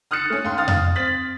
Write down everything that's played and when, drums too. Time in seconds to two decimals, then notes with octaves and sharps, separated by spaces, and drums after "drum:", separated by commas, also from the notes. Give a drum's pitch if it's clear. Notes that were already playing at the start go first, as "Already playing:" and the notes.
0.11 D#6 F6 F#6 A6 C#7 E7
0.30 A3 C#4
0.45 D#2 C6
0.58 F5 D#6 F6 A6
0.68 drum: tom F2
0.95 C4 A6 B6 F#7